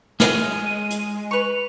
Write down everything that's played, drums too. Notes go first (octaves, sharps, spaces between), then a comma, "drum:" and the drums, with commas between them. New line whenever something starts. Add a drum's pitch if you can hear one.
G#3 C#4 D#7, drum: snare
drum: hi-hat
B4 C#6 F7